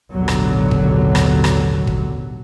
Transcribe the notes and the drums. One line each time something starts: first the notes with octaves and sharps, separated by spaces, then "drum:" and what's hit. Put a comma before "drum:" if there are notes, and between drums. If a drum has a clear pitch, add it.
A1 D#2 B2 D3 F#3
drum: rim click
drum: kick
drum: rim click
drum: rim click
drum: kick